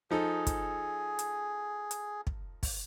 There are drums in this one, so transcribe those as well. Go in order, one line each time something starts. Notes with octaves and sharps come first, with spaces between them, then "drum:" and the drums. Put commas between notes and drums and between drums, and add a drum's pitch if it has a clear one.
F3 D#4 G#4 A4
drum: kick, hi-hat
drum: hi-hat
drum: hi-hat
drum: kick
drum: kick, open hi-hat